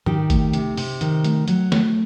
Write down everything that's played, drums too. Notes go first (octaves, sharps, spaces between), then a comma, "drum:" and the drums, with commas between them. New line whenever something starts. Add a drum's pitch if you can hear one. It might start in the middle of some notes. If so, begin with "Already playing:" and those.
D#3 D#4 G4, drum: tom G#2
A3, drum: kick G1, hi-hat
C3, drum: hi-hat
C3, drum: open hi-hat
D#3, drum: hi-hat
A3, drum: hi-hat
F#3, drum: hi-hat
A3, drum: snare